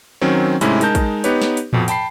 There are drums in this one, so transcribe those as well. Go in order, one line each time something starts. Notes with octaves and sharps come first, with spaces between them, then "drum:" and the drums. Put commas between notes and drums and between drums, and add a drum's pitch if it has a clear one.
D#3 F#3 C4 C#4
G#2 C3 G#3 A3 C#4 E4, drum: hi-hat
G#3 D#4 A#4 A5 G6, drum: hi-hat
drum: kick, hi-hat
B3 D#4 G4 B4 C#5, drum: hi-hat
drum: snare
drum: hi-hat
F2 B2 F3, drum: tom A2
G5 A5 B5 C7, drum: hi-hat